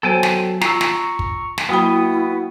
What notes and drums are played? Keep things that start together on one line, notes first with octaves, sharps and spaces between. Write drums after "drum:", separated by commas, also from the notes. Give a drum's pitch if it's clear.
F#3 B3 A4 C5 G5 G#5
drum: snare
F4 A#5 C#6 E6, drum: snare
drum: snare
drum: kick
drum: snare
F#3 A#3 B3 E4 F#4 G5 B5 D#6